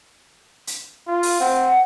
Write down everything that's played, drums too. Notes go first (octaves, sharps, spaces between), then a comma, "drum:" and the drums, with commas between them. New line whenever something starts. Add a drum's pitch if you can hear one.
drum: hi-hat
F4
drum: open hi-hat
C4 F#5